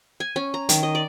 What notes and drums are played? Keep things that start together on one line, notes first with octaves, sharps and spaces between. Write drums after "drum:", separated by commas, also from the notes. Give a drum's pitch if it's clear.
G#5
C#4
A#5
D#3, drum: hi-hat
D#5
D5